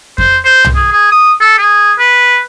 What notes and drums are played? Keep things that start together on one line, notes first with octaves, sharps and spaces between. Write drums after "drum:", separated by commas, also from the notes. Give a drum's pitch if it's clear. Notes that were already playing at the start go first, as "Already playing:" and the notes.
C5, drum: kick F2
C5
drum: tom
G#4
G#4
D#6
A4
G#4
B4